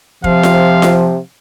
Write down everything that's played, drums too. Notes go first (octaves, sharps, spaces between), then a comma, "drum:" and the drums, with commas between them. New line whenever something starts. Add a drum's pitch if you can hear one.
C3 F3 F5, drum: kick
drum: snare F4
drum: snare F4